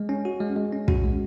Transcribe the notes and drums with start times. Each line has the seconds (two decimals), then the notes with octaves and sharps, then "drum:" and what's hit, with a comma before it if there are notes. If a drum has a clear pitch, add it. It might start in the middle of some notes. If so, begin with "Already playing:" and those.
Already playing: G#3
0.09 C#4
0.25 F#4
0.40 G#3
0.56 G#3
0.72 C#4
0.88 F#4, drum: kick
1.04 G#3